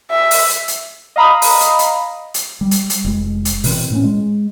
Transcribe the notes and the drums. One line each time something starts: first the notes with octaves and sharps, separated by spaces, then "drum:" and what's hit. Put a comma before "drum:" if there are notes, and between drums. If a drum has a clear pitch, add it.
E5
drum: open hi-hat
drum: hi-hat
drum: hi-hat
D#5 F5 A#5 B5 D#6
drum: open hi-hat
drum: hi-hat
drum: hi-hat
drum: hi-hat
G3
drum: hi-hat
drum: hi-hat
F1 G#3
drum: hi-hat
B2 E3 C4, drum: open hi-hat
A2 A#3 C#4
G#3